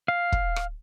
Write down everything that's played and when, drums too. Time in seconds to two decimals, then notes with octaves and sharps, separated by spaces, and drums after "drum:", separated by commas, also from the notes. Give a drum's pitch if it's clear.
0.08 F5
0.32 drum: kick
0.56 drum: rim click